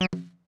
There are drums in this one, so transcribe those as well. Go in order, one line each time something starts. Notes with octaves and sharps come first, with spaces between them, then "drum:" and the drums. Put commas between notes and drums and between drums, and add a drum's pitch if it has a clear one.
F#3
drum: tom